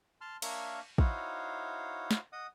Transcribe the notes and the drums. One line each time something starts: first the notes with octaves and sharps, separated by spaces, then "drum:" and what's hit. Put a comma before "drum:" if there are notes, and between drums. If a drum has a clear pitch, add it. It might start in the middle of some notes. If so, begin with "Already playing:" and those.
A5 C6 F6
A#3 D4 A#4 C#5 E5 F5, drum: cymbal
D#4 E4 F#4 C5 C#5 F5, drum: kick
drum: snare
D#5 F#5 D#6